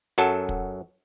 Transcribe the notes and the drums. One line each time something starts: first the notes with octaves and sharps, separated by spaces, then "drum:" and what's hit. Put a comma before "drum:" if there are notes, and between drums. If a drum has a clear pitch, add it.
F#2 F#3 A4 A5, drum: hi-hat
drum: kick